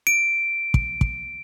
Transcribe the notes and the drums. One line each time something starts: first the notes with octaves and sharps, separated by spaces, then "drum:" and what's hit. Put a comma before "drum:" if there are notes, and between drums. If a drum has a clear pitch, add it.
D7
drum: kick
drum: kick